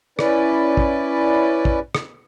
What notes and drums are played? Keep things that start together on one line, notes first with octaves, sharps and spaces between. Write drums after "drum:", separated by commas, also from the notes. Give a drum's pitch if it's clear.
C#4 E4 B4 D5, drum: rim click
drum: kick
drum: kick
drum: rim click